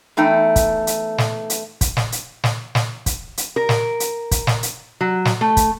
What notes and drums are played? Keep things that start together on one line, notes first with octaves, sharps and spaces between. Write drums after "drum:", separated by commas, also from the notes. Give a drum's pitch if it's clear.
E2 A3 D#4 G5
drum: kick, hi-hat
drum: hi-hat
drum: snare
drum: hi-hat
drum: kick, hi-hat
drum: snare
drum: hi-hat
drum: snare
drum: snare
drum: kick, hi-hat
drum: hi-hat
A#4
drum: snare
drum: hi-hat
drum: kick, hi-hat
drum: snare
drum: hi-hat
F#3
drum: snare
A3
drum: kick, hi-hat